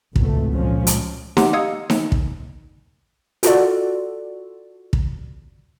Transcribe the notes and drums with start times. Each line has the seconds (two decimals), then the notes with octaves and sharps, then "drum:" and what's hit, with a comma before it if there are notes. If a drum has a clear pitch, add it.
0.16 G#1 C#2 B2 A3, drum: kick
0.54 A#2 F3 G#3 C#4
0.87 drum: hi-hat
1.37 G4 F#5 A#5 C6 D6, drum: snare D#4
1.53 D#5 F5 D#6 E6 G#6 C#7
1.90 drum: snare D#4
2.12 drum: kick
3.43 F4 F#4 A4 D5, drum: hi-hat
4.93 drum: kick